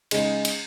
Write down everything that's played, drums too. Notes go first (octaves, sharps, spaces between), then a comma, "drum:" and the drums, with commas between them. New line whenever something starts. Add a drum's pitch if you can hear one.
C#3 G#3 D#4, drum: cymbal
drum: cymbal